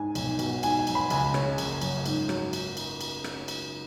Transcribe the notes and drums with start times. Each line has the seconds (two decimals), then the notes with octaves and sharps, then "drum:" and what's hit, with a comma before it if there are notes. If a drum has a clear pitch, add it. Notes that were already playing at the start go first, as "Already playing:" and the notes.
Already playing: G#2 G#5
0.15 B1, drum: cymbal
0.39 B2, drum: cymbal
0.63 G#2 G#5, drum: cymbal
0.79 G#5
0.87 F#3, drum: cymbal
0.95 B5
1.10 C#2 G#5, drum: cymbal
1.34 C#3 C#5, drum: rim click
1.58 F#1, drum: cymbal
1.81 F#2, drum: cymbal
2.06 G#2, drum: cymbal
2.29 F#3, drum: rim click
2.53 drum: cymbal
2.77 drum: cymbal
3.01 drum: cymbal
3.24 drum: rim click
3.48 drum: cymbal